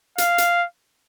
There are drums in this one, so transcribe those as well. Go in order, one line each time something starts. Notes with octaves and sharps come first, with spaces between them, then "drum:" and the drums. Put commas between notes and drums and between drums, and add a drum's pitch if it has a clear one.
F5, drum: hi-hat
drum: hi-hat